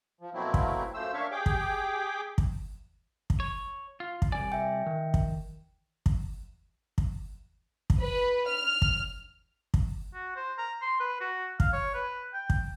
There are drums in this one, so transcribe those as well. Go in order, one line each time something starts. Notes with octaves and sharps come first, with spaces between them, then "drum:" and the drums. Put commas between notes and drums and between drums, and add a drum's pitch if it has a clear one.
F3
B2 F#3 A3 A#3 C4 E4
drum: kick
F#2 F3 A3 C5 E6
A#3 D4 C#5 E5 F5
G4 G#4 G5 D6
drum: kick
drum: kick
drum: kick
C#5
F4
drum: kick
C2 C#3 D5 G#5
E5 G5
D#3
drum: kick
drum: kick
drum: kick
drum: kick
B4
F6
drum: kick
drum: kick
F#4
C5
A#5
C6
B4
F#4
F5, drum: kick
C#5
B4
G5
drum: kick